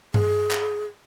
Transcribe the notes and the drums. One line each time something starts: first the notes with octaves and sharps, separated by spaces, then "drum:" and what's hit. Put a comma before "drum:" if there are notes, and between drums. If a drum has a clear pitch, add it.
G#4, drum: tom G2
drum: clap